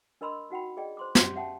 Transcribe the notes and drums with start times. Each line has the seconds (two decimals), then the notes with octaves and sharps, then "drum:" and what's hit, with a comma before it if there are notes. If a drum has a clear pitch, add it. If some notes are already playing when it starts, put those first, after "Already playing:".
0.21 D4 A#4 D#5 B5 C6 E6
0.50 D#4 F#4 F#5 G5 B5
0.77 G#4 D5 D#5 G5
0.97 C5 C6 D6
1.15 C#4 G4 C6, drum: snare
1.36 E5 F#5 G5 A5